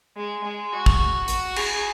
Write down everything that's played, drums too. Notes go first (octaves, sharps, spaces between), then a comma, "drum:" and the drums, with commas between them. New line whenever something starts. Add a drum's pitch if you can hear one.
G#3
G#3
F#4
drum: kick
F#4, drum: hi-hat
G#4, drum: cymbal